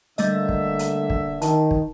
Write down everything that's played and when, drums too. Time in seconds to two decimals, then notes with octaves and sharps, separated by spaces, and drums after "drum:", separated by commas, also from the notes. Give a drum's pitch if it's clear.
0.18 D3 G3 A3 A#3 D#5 E5, drum: hi-hat
0.49 drum: kick
0.79 drum: hi-hat
1.10 drum: kick
1.42 D#3 A5, drum: hi-hat
1.71 drum: kick